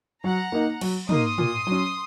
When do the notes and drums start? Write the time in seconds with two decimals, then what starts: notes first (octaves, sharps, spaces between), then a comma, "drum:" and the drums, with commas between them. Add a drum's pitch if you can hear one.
0.23 F#3 F#5 A#5
0.52 A#3 D#4
0.81 F#3, drum: cymbal
1.09 A#3 D#4 C6 D#6, drum: tom
1.38 A#2, drum: tom
1.67 F#3 C#4